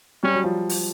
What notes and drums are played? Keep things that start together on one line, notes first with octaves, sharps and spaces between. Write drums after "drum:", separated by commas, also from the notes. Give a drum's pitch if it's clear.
G3 C#4
F#3
F3
drum: open hi-hat